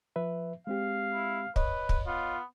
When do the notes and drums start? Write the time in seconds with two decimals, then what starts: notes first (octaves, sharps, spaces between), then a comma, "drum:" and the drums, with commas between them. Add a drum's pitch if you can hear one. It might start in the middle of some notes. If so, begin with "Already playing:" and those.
0.16 F3 B4 E5
0.67 G#3 C4 G4 F5
1.14 E4
1.56 B4 C#5 D#5, drum: kick
1.89 drum: kick
2.07 B3 F4